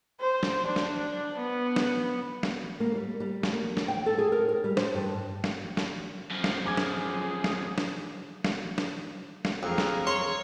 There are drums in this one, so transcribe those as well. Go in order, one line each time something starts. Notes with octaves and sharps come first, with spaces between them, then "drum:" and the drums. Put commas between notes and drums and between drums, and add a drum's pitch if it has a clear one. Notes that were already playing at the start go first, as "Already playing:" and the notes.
C5
drum: snare
D4
drum: snare
B3
drum: snare
drum: snare
A#3
G3
G3
drum: snare
A#3
drum: snare
G5
A4
G#4
A#4
A#4
G3
C5, drum: snare
G2
drum: snare
drum: snare
F#2 F3
drum: snare
G#4 G#5 D6 G#6
drum: snare
drum: snare
drum: snare
drum: snare
drum: snare
drum: snare
F2 G#4 A#4
drum: snare
C#5 C6